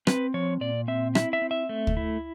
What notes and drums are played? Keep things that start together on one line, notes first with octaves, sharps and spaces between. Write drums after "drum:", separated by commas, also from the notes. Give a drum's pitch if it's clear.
C4 B4, drum: rim click
F3 C#5
A#2 D5
C4 E5
E4 E5, drum: rim click
E5
C4
E5
A3
drum: kick
E4